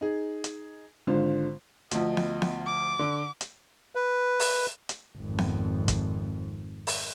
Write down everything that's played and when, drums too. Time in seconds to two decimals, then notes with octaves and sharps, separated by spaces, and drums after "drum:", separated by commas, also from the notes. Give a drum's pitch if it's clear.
0.01 D#4 G#4
0.44 drum: hi-hat
1.07 G#1 D3 F4 C5
1.91 D2 F3 D#5, drum: hi-hat
2.17 drum: snare B3
2.42 drum: snare B3
2.66 D6
2.99 D3
3.41 drum: hi-hat
3.95 B4
4.40 drum: open hi-hat
4.89 drum: hi-hat
5.17 G#1 F2
5.38 drum: snare B3
5.88 drum: kick, hi-hat
6.87 drum: open hi-hat